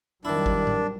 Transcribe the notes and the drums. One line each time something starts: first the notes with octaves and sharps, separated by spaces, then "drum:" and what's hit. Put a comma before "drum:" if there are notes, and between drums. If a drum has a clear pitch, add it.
F2 D#3 F#3 G3 D4 E4 A#4
drum: kick G1
drum: tom A2